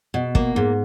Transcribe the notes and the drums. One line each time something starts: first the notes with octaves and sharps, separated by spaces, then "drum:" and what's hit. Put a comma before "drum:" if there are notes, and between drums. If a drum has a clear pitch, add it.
B2
A#3, drum: kick
G#2